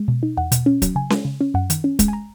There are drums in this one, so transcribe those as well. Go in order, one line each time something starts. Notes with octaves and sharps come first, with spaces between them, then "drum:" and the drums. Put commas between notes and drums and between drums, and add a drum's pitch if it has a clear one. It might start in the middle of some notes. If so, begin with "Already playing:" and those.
Already playing: G#3
B2
D#4
E2 F#5
B2, drum: hi-hat
C#4
F#3, drum: kick, hi-hat
C#3 G#5
G#3, drum: snare C#4
C#3
C#4
F#2 F#5
D#3, drum: hi-hat
C#4
G#3, drum: kick, hi-hat
G#5
A#5